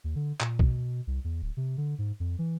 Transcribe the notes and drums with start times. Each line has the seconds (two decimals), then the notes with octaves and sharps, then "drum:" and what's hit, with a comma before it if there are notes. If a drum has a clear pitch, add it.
0.04 D#2
0.16 D3
0.40 A#2, drum: clap
0.59 B2, drum: kick
1.07 C2
1.24 E2
1.42 D1
1.57 C3
1.77 D3
1.98 G#2
2.20 F2
2.39 E3